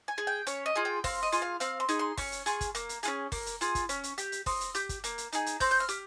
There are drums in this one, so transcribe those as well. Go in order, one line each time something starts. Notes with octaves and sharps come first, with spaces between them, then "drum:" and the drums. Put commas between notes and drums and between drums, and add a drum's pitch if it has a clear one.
G#5
G#4
G5
C#4 C#5, drum: hi-hat
D#5
F4 G#4
G5
C4 F5, drum: kick, open hi-hat
D#5
F4 G#4, drum: hi-hat
F5
C4 F5, drum: hi-hat
C6
D#4 G#4, drum: hi-hat
C6
C#4 C#6, drum: kick, open hi-hat
drum: hi-hat
F4 G#4, drum: hi-hat
drum: kick, hi-hat
A#3, drum: hi-hat
drum: hi-hat
C#4 F4 G#4, drum: hi-hat
A#3, drum: kick, open hi-hat
drum: hi-hat
F4 G#4, drum: hi-hat
drum: kick, hi-hat
C#4, drum: hi-hat
drum: hi-hat
G4, drum: hi-hat
drum: hi-hat
C4 D#6, drum: kick, open hi-hat
drum: hi-hat
G4 G6, drum: hi-hat
drum: kick, hi-hat
A#3, drum: hi-hat
drum: hi-hat
D#4 G#4, drum: hi-hat
drum: hi-hat
C4 G6, drum: kick, open hi-hat
G6
F6
G4, drum: hi-hat